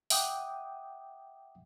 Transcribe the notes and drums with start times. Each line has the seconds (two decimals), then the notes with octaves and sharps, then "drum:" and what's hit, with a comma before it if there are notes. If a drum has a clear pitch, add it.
0.10 E5 F#5 G5 D6 D#6, drum: open hi-hat